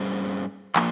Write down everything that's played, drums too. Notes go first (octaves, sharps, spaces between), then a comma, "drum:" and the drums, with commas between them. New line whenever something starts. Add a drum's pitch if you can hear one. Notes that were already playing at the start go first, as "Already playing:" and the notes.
Already playing: G2 G3 C#4 G#4 C5
F3 A#3, drum: clap